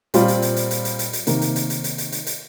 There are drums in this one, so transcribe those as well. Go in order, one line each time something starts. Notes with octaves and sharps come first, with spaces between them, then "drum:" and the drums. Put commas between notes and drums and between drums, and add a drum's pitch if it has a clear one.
A#2 G3 C4 F4 C5, drum: hi-hat
drum: hi-hat
drum: hi-hat
drum: hi-hat
drum: hi-hat
drum: hi-hat
drum: hi-hat
drum: hi-hat
C3 D#3 A#3, drum: hi-hat
drum: hi-hat
drum: hi-hat
drum: hi-hat
drum: hi-hat
drum: hi-hat
drum: hi-hat
drum: hi-hat